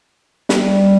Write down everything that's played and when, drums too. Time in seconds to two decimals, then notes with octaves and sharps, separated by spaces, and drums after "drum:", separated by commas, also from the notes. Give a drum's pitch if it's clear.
0.49 G3, drum: snare